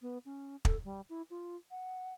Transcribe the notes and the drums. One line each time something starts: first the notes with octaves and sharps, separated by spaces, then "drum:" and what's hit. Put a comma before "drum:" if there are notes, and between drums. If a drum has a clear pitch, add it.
B3
C#4
A4, drum: kick
G3
E4
F4
F#5